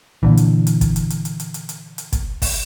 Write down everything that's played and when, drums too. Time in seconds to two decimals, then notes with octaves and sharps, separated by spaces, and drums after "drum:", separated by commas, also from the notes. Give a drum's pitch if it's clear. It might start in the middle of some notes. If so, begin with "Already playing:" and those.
0.23 A#2 D3 E3
0.37 drum: hi-hat
0.67 drum: hi-hat
0.81 drum: kick, hi-hat
0.96 drum: hi-hat
1.10 drum: hi-hat
1.25 drum: hi-hat
1.40 drum: hi-hat
1.54 drum: hi-hat
1.69 drum: hi-hat
1.98 drum: hi-hat
2.13 drum: kick, hi-hat
2.42 drum: kick, open hi-hat